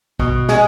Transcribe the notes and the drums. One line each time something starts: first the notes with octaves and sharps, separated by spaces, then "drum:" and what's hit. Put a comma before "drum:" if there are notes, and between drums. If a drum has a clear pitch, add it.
B2, drum: kick
G#3, drum: snare